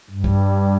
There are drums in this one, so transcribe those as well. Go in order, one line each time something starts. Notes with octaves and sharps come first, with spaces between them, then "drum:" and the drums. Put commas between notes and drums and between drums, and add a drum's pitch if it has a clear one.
G2
drum: kick